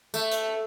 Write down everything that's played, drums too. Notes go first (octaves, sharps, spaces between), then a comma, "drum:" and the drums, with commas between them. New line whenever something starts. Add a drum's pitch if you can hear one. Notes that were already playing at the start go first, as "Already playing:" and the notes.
A3, drum: tambourine
drum: hi-hat